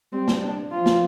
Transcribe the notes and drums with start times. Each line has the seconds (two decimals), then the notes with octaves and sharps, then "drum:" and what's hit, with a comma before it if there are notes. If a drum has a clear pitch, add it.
0.13 G3 C4
0.28 drum: snare
0.42 D4
0.71 F3 F4
0.86 drum: snare